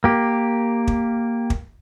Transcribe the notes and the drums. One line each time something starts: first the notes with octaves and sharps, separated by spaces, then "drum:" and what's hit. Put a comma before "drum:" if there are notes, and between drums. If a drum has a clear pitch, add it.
A#3 G4
drum: kick
drum: kick